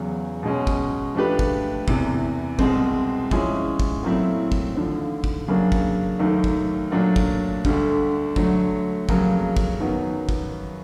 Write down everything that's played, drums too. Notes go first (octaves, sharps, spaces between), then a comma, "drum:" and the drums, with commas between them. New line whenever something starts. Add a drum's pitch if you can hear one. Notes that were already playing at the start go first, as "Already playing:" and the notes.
Already playing: E2 C#3 F#3
B2 G#3 C#4
drum: kick
F3 A3 D4 G4 B4
drum: kick
E2 C3 E3, drum: kick
C2 B2 G#3 C4, drum: kick
F3 G#3 C#4 E4, drum: kick
drum: kick
A#2 F#3 A3 C4 E4
drum: kick
D#2 D3 F3
drum: kick
F#2 C#3 F#3 A#3 D4
drum: kick
D#2 D#3 F#3 A3
drum: kick
A#2 F#3 A3 D4
drum: kick
D2 D3 G3, drum: kick
D3 F#3 A3, drum: kick
F2 C#3 F#3 A#3, drum: kick
drum: kick
F#2 D#3 F#3 B3
drum: kick